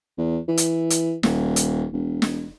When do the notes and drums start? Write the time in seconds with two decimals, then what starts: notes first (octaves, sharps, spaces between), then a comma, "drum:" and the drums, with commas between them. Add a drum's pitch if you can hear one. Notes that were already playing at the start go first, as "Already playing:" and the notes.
0.18 E2
0.48 E3
0.57 drum: hi-hat
0.90 drum: hi-hat
1.23 D#1, drum: snare
1.56 drum: hi-hat
1.93 E1
2.22 drum: snare